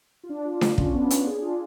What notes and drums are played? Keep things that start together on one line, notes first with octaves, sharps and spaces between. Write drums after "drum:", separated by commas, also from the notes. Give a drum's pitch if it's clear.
F4
D4
F4
F4, drum: snare D4
C#4, drum: kick
B3
C#4, drum: hi-hat
G#4
D4
F4